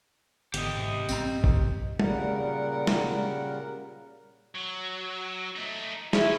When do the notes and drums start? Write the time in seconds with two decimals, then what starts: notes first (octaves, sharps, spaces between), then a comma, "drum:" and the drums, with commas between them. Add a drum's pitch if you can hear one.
0.54 G#1 D3 B3 G4 D#5, drum: hi-hat
0.77 G#2 C3
1.09 A1 G2 C4 A#5, drum: tambourine
1.44 drum: kick A1
2.00 A#2 C#3 G3 A#4 F#5, drum: tom
2.87 drum: snare
4.55 F#3
5.56 A3 D#4
6.13 C3 C#4 E4 G#4, drum: snare